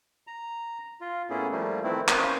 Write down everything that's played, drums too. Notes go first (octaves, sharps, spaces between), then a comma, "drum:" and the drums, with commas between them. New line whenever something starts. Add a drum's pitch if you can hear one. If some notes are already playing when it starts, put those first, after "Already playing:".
A#5
F4
A2 A#3 B3 C#4 E4 G#4
F3 G3 A3 A#3
D#3 E3 A3 C4 E4
A#3 C#4 B4 C5, drum: clap